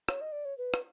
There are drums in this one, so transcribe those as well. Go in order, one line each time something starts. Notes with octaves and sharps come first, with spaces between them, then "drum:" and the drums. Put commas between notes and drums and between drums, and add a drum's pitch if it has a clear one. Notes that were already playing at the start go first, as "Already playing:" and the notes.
C#5, drum: rim click
D#5
D5
C#5
B4
drum: rim click